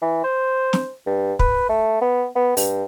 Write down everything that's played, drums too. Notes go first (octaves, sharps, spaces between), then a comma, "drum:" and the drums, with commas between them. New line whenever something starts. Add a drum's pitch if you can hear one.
E3
C5
drum: snare
G2
B4, drum: kick
A3
B3
B3
G2, drum: open hi-hat